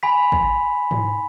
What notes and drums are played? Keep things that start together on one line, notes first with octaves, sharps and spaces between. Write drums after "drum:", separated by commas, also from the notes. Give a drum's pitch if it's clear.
G#5 B5 C6 B6
drum: kick
drum: tom G#2